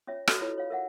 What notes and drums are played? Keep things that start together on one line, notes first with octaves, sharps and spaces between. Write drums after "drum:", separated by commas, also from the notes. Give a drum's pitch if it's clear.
C#4 F4 C#5 E5
D4 F#4 A4 B4 D#5, drum: rim click
E4 F4 B4 C#5 B5
C#5 F5
A#4 E5 F#5